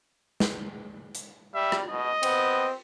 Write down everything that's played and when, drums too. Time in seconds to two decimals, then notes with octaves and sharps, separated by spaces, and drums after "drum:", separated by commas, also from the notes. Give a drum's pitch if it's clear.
0.40 drum: snare
1.15 drum: hi-hat
1.55 G3 E5
1.72 drum: rim click
1.90 B2 D#5
2.23 B3 C4, drum: cymbal